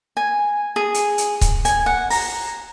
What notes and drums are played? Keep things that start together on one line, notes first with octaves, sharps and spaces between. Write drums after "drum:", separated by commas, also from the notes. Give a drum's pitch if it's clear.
G#5
G#4
drum: hi-hat
drum: hi-hat
drum: kick C#1, hi-hat
G#5, drum: hi-hat
F#5
A#5, drum: open hi-hat